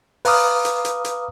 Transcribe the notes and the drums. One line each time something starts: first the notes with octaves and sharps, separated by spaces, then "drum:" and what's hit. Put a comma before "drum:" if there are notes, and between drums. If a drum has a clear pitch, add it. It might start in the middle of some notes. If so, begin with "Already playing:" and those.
B4 F5 A#5 D6 D#6 F6, drum: open hi-hat
drum: hi-hat
drum: hi-hat
drum: hi-hat